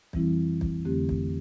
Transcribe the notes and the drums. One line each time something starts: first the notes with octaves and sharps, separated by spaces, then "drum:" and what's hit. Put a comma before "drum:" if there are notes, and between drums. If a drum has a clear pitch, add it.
F2 E3 G3 C4 E4, drum: kick
drum: kick
F2 D3 A3 C4 G4
drum: kick